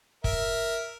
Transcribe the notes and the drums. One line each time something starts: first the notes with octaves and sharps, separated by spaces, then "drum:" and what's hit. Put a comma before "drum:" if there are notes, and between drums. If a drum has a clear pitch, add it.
A#4 E5, drum: kick